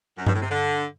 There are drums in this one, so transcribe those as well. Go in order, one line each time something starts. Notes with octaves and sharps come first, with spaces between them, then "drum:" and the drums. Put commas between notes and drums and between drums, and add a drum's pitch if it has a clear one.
F#2
G2, drum: tom G2
A2
C3
D3